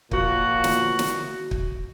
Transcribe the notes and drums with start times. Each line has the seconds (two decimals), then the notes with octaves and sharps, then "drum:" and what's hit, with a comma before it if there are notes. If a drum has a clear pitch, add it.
0.11 A#2 F3 A#3 F#4, drum: kick
0.64 drum: snare
0.99 drum: snare
1.51 drum: kick